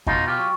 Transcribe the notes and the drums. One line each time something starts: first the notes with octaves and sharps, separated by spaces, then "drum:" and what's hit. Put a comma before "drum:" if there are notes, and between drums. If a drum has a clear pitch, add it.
B2 D#4 F4, drum: kick F2
F4 G4
F#3